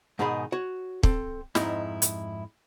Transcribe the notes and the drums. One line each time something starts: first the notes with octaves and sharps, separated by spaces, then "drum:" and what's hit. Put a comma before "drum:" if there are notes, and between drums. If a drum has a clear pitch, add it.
G#2 B2 D#3 D#4 G#4 B5
F#4 C#5
C4 A4, drum: kick
F2 G#2 D#4 E4 B5, drum: snare
drum: hi-hat